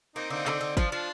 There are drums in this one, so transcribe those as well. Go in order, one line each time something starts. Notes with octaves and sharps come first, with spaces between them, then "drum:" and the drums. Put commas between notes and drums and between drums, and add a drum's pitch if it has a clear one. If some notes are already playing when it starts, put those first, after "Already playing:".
A#3 C4 D#4
D3 C4 D#4
D3, drum: clap
D3
F3 D4 F4, drum: kick G1
F3 D4 F4